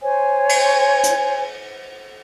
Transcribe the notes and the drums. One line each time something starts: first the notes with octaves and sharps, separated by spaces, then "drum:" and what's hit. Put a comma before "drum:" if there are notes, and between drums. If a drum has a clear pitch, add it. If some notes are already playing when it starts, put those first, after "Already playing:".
C5 C#5 G#5
drum: cymbal
drum: hi-hat